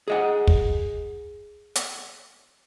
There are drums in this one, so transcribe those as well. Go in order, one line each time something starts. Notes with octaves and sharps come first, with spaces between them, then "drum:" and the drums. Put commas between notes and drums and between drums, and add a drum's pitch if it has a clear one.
G#4 D#5 F#5
drum: kick
drum: hi-hat